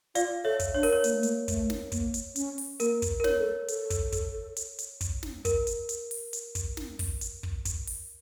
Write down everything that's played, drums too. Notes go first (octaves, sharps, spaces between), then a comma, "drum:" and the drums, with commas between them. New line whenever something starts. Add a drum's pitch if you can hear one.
F4 D5 F5, drum: hi-hat
A4 C#5 E5
drum: kick, hi-hat
D4 C#5
A#4, drum: open hi-hat
C#5
A#3, drum: hi-hat
A3
A#3, drum: hi-hat
A3, drum: kick, hi-hat
drum: snare
A#3, drum: kick, hi-hat
drum: hi-hat
C#4, drum: hi-hat
drum: open hi-hat
A#3 A#4, drum: hi-hat
drum: kick, hi-hat
A#4
C#5, drum: snare
A4
A4, drum: hi-hat
drum: kick, hi-hat
drum: kick, hi-hat
drum: hi-hat
drum: hi-hat
drum: kick, hi-hat
drum: snare
A#4, drum: kick, hi-hat
drum: hi-hat
drum: hi-hat
drum: open hi-hat
drum: hi-hat
drum: kick, hi-hat
drum: snare
drum: kick, open hi-hat
drum: hi-hat
drum: kick
drum: kick, hi-hat
drum: open hi-hat